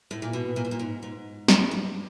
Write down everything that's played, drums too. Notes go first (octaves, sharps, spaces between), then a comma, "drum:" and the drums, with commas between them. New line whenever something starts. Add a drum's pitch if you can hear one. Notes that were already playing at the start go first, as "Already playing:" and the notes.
A2
A#2
B2
A#2
B2
A#2
G#2
G#2
drum: snare
G2